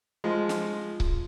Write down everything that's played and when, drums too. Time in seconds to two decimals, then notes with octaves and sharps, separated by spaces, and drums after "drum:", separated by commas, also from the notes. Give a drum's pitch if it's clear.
0.24 F3 G#3
0.49 drum: snare
1.00 drum: kick C#1